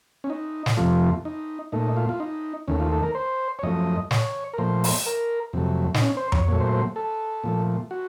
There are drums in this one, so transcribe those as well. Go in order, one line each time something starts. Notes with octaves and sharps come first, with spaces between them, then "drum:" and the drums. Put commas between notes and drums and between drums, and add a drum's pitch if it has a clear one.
C#4
D#4
drum: snare
F2 C3 F3 A3 F4
D#4
A#2 A3 D#4
F4
F4
D#4
D#2 D#3 A3 C#4
F4
A4
A#4
C5
C#5
F#2 F3 A3 D#5
C#5, drum: snare
A#4
A#2 F3 A3 C5
drum: open hi-hat
A#4
F2 C3 F#3 A3
D#4, drum: snare
C#4
C5
C#5, drum: tom F2
A#2 F#3 A3 C#5
C5
C5
A4
A#2 F3 A3
F#4